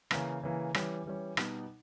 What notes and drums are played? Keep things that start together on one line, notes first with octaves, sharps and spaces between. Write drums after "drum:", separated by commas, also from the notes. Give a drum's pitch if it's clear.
C#3 E3 A#3, drum: rim click
C#3 E3 A#3
E3 G3 C#4, drum: rim click
E3 G3 C#4
B2 G3 B3 D#4, drum: rim click